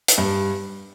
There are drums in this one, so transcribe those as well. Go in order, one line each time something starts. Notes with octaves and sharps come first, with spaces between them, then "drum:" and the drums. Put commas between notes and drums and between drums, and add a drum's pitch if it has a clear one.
drum: hi-hat
G2